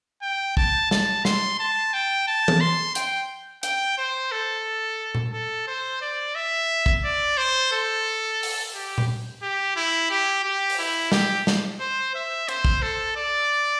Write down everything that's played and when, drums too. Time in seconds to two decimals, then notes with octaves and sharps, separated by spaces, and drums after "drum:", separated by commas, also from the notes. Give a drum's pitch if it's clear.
0.22 G5
0.57 A5, drum: kick
0.91 A5, drum: snare
1.25 C6, drum: snare
1.59 A5
1.93 G5
2.27 A5
2.48 drum: tom
2.61 C6
2.95 G5, drum: hi-hat
3.63 G5, drum: hi-hat
3.98 C5
4.32 A4
5.15 drum: tom A#2
5.33 A4
5.67 C5
6.02 D5
6.35 E5
6.86 drum: kick
7.04 D5
7.37 C5
7.72 A4
8.43 drum: open hi-hat
8.74 G4
8.98 drum: tom A#2
9.43 G4
9.76 E4
10.10 G4
10.44 G4
10.70 drum: open hi-hat
10.79 E4
11.12 G4, drum: snare
11.47 drum: snare
11.80 C5
12.15 E5
12.49 C5, drum: hi-hat
12.65 drum: kick
12.82 A4
13.17 D5